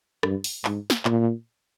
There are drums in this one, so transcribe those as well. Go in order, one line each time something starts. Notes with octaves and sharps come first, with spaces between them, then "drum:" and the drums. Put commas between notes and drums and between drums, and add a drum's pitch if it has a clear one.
G2, drum: rim click
drum: open hi-hat
G#2, drum: clap
drum: snare
A#2, drum: clap